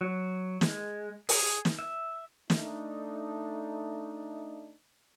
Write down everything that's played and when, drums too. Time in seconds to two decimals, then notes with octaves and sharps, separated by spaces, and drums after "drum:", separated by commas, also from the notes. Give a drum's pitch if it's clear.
0.01 F#3
0.61 G#3, drum: snare
1.29 G#4, drum: open hi-hat
1.65 drum: snare
1.79 E5
2.50 A3 D4 D#4, drum: snare